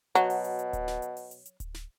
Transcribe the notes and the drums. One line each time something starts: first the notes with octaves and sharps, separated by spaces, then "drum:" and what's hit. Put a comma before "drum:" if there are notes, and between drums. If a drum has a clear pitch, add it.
B2 F#3, drum: hi-hat
drum: open hi-hat
drum: hi-hat
drum: hi-hat
drum: kick D1, hi-hat
drum: snare
drum: hi-hat
drum: open hi-hat
drum: hi-hat
drum: hi-hat
drum: kick D1, hi-hat
drum: snare